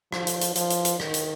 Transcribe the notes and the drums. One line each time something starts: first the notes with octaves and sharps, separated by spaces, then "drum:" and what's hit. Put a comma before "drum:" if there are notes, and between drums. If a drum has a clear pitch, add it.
F3, drum: rim click
drum: hi-hat
drum: hi-hat
F3, drum: hi-hat
drum: hi-hat
drum: hi-hat
D#3, drum: rim click
drum: hi-hat